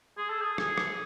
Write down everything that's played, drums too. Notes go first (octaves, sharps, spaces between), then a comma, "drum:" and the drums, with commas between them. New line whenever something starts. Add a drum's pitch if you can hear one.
G#4
A4
G#4
G#4, drum: rim click
drum: rim click